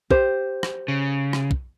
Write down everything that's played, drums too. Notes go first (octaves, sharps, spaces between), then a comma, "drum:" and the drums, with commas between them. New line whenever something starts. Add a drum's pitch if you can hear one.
G4 C5, drum: kick
drum: rim click
C#3
drum: rim click
drum: kick